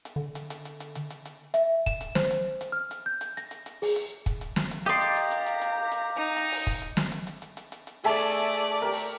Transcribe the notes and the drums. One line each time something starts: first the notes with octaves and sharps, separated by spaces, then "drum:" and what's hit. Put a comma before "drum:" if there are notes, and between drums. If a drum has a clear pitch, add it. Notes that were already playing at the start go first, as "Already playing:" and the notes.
drum: hi-hat
D3
drum: hi-hat
drum: hi-hat
drum: hi-hat
drum: hi-hat
drum: hi-hat
drum: hi-hat
drum: hi-hat
E5, drum: hi-hat
E7, drum: kick, hi-hat
drum: hi-hat
C5, drum: snare
drum: hi-hat
drum: hi-hat
F6
drum: hi-hat
G6
drum: hi-hat
A#6, drum: hi-hat
drum: hi-hat
drum: hi-hat
G#4, drum: open hi-hat
drum: hi-hat
drum: kick, hi-hat
drum: hi-hat
drum: snare
drum: hi-hat
G4 D5 D#5 F5 A#5 C6, drum: hi-hat
drum: hi-hat
drum: hi-hat
drum: hi-hat
drum: hi-hat
drum: hi-hat
drum: hi-hat
D#4
drum: hi-hat
drum: open hi-hat
drum: kick, hi-hat
drum: hi-hat
drum: snare
drum: hi-hat
drum: hi-hat
drum: hi-hat
drum: hi-hat
drum: hi-hat
drum: hi-hat
A3 G#4 D5 E5 A5, drum: hi-hat
drum: hi-hat
drum: hi-hat
G4 A#4
drum: open hi-hat